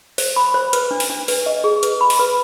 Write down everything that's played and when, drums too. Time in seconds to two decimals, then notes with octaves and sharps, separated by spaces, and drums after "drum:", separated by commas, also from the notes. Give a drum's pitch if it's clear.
0.18 C5, drum: open hi-hat
0.36 B5
0.54 C5
0.73 B4, drum: hi-hat
0.91 D4
1.00 drum: open hi-hat
1.09 D4
1.28 B4, drum: open hi-hat
1.46 D#5
1.64 G#4
1.83 B4, drum: hi-hat
2.01 B5
2.10 drum: open hi-hat
2.19 B4